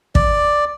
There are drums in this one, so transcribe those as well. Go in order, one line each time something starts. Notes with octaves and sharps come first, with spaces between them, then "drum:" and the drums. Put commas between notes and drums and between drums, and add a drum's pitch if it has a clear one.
D5, drum: kick